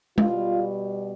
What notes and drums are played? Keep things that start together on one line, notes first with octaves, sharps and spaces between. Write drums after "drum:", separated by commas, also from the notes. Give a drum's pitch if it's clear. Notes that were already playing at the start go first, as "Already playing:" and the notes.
B2 G3 F4, drum: tom G#3